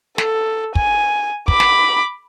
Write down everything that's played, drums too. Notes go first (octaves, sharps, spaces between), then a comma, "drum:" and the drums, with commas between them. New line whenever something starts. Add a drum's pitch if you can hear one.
A4, drum: snare
G#5, drum: kick
B5 D6, drum: kick
drum: snare